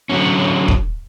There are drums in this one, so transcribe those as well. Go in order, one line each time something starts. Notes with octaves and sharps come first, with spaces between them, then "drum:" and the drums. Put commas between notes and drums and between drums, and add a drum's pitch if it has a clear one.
D3 F#3 C#4
drum: kick